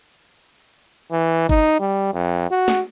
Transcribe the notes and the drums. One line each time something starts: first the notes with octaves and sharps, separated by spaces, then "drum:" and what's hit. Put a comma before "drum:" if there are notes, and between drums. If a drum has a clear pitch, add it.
E3
D#4, drum: kick G1
G3
F2
F#4
drum: snare